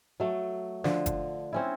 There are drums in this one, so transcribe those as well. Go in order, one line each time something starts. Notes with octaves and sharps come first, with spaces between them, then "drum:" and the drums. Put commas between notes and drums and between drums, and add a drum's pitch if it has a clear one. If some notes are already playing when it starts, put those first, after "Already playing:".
F#3 A3
D3 F3, drum: snare
drum: kick F#1, hi-hat
C4 C#4 E4